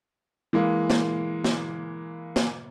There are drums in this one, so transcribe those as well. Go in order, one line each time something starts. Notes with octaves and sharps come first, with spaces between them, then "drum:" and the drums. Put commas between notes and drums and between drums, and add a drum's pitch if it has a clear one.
E3 G#3 A#3
drum: snare
drum: snare
drum: snare